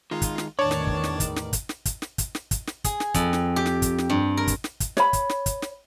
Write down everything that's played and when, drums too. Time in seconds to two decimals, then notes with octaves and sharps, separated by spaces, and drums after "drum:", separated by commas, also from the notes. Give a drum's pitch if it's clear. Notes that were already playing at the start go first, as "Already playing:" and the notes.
0.11 D#3 G#3 D#4 F4
0.22 drum: kick, hi-hat
0.38 drum: snare
0.59 E2 A2 D#3 D4 C#5 D5 A5
0.71 drum: snare
0.87 drum: kick
1.04 drum: snare
1.20 drum: kick, hi-hat
1.36 drum: snare
1.53 drum: kick, hi-hat
1.69 drum: snare
1.85 drum: kick, hi-hat
2.02 drum: snare
2.18 drum: kick, hi-hat
2.35 drum: snare
2.51 drum: kick, hi-hat
2.67 drum: snare
2.84 G#4, drum: kick, hi-hat
3.00 drum: snare
3.14 F2, drum: kick, hi-hat
3.33 drum: snare
3.56 G4
3.66 drum: snare
3.82 drum: kick, hi-hat
3.98 drum: snare
4.10 G2
4.37 A#4
4.48 drum: kick, hi-hat
4.64 drum: snare
4.80 drum: kick, hi-hat
4.97 C#5 B5, drum: snare
5.13 drum: kick, hi-hat
5.29 drum: snare
5.46 drum: kick, hi-hat
5.62 drum: snare